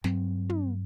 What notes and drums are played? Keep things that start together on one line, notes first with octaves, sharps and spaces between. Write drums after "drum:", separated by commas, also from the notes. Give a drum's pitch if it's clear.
G2 F#3 C4, drum: snare
drum: tom